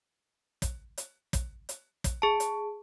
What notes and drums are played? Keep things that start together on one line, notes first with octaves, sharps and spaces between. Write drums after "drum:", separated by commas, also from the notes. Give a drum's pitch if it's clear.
drum: kick, hi-hat
drum: hi-hat
drum: kick, hi-hat
drum: hi-hat
drum: kick, hi-hat
G#4 A5
drum: hi-hat